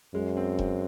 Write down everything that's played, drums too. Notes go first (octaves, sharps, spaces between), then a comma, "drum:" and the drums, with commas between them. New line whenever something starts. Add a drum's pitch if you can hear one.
F#2 G#3
C4
C4, drum: kick E1